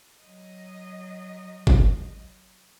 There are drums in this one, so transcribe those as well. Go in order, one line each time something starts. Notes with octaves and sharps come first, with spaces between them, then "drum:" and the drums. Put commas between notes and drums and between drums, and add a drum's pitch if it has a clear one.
F#3 D#5
drum: kick G1